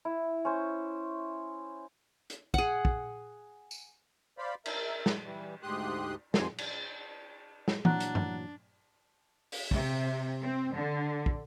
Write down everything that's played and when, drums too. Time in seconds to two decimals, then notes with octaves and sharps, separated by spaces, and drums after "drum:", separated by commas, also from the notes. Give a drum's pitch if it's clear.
0.05 E4
0.45 C#4 C5
2.30 drum: hi-hat
2.54 G#4 F#5, drum: kick
2.85 drum: kick
3.71 drum: tambourine
4.38 C5 D5 F5 B5
4.66 A#4 E5, drum: cymbal
5.06 drum: snare
5.24 E3 G3
5.63 D2 G#2 G4 C6 D#6 F#6
6.34 F2 D#3 F3 G3 G#5 C6, drum: snare
6.58 drum: cymbal
7.68 drum: snare
7.85 A#2 E3 F#3 D4 F#5 A#5 F#6, drum: tom E3
8.00 drum: hi-hat
8.15 drum: tom G2
9.52 drum: open hi-hat
9.71 C3, drum: kick
10.42 C4
10.76 D3
11.26 drum: kick